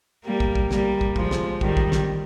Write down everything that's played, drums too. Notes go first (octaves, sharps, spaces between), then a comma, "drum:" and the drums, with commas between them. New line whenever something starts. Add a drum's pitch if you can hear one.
G3 A#3
drum: kick
drum: kick
G3 A#3, drum: snare
drum: kick
F3 G#3, drum: kick
drum: snare
D#3 G3, drum: kick
drum: kick
drum: snare